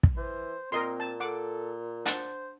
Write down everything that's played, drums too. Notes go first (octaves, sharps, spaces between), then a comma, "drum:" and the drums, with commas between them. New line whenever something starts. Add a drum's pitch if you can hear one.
drum: kick
E3 C5
A#2 C4 A#4 D#5 C6
A5
A4 F#5 D6
D4 C5 F#5 A5, drum: hi-hat